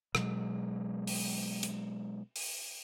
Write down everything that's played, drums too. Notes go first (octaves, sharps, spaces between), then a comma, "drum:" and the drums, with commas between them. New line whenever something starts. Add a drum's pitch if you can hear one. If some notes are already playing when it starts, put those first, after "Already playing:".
B2 F#3 G#3, drum: rim click
drum: open hi-hat
drum: hi-hat
drum: open hi-hat